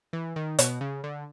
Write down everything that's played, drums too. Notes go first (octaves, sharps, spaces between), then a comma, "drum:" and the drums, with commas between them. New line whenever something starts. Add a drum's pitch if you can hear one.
E3
D#3
B2, drum: hi-hat
C#3
D3